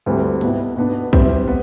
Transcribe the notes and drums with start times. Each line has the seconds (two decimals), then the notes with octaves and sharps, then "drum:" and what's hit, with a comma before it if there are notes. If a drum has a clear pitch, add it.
0.06 D2 D3 G3 C4 E4
0.41 C2 B2 B3 E4, drum: hi-hat
0.77 B2 B3 D4
1.13 C3 G3 C4 E4, drum: kick A#1
1.48 B3